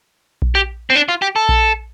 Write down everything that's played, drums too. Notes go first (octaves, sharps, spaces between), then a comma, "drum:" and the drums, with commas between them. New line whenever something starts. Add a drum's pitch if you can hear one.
drum: kick A#1
G4
C4
D4
F4
G4
A4
drum: kick A#1